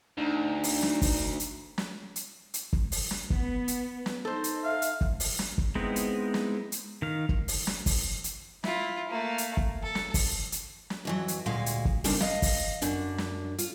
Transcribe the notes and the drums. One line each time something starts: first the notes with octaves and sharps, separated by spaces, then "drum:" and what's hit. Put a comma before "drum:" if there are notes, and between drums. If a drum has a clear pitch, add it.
D2 D4 D#4 A#5
drum: open hi-hat
drum: snare
drum: kick, open hi-hat
drum: hi-hat
drum: snare
drum: hi-hat
drum: hi-hat
drum: kick
drum: open hi-hat
drum: snare
B3, drum: kick
drum: hi-hat
drum: snare
D#4 A4 C5
drum: hi-hat
E5 F5
drum: hi-hat
drum: kick
drum: open hi-hat
drum: snare
drum: kick
G#3 B3 C4 D#4 E4
drum: hi-hat
drum: snare
drum: hi-hat
D#3 F5
drum: kick
drum: open hi-hat
drum: snare
drum: kick, open hi-hat
drum: hi-hat
E4 F4, drum: snare
A3 A#3
drum: hi-hat
drum: kick
A4
drum: snare
drum: kick, open hi-hat
drum: hi-hat
drum: snare
F2 E3 F#3
drum: hi-hat
D2 A#2 G#3 F5
drum: hi-hat
drum: kick
C#3 G3 A#3 C4 D4 D#4, drum: open hi-hat
D#5 F5, drum: snare
drum: kick, open hi-hat
F#2 D3 D4, drum: hi-hat
drum: snare
F4, drum: hi-hat